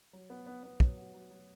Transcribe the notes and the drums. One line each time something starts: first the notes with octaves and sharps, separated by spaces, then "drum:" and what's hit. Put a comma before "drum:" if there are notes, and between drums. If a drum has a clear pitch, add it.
F#3
B3
B3
B3
F#3, drum: kick
F#4
F#3
F#3